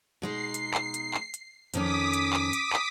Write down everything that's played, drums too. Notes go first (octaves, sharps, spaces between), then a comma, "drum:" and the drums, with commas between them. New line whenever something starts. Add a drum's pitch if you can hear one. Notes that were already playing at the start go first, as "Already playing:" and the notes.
B2 G#3 D#4 C7
drum: hi-hat
drum: clap
drum: hi-hat
drum: clap
drum: hi-hat
F2 D#3 C#4 D6 D#6 B6, drum: hi-hat
drum: hi-hat
drum: clap
drum: hi-hat
drum: clap